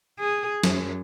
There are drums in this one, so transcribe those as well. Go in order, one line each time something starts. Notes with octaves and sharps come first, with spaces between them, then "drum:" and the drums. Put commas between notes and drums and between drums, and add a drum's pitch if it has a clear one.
G#4
F#2, drum: snare